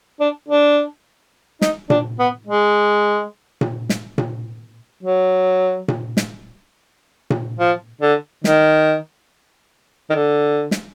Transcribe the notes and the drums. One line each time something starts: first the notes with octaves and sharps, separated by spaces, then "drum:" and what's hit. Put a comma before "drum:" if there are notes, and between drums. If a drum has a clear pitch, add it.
D4
D4
D#4, drum: snare
D4, drum: tom A#2
B3
G#3
drum: tom A#2
drum: snare
drum: tom A#2
F#3
drum: tom A#2
drum: snare
drum: tom A#2
F3
D3
D#3, drum: snare
D#3
D3
drum: snare